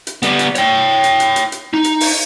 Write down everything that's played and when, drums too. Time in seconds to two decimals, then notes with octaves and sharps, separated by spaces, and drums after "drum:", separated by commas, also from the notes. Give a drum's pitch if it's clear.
0.07 drum: hi-hat
0.23 G3 B3, drum: hi-hat
0.39 drum: hi-hat
0.55 C#5 G5, drum: hi-hat
1.04 drum: hi-hat
1.20 drum: hi-hat
1.36 drum: hi-hat
1.52 drum: hi-hat
1.73 D#4
1.84 drum: hi-hat
2.01 drum: open hi-hat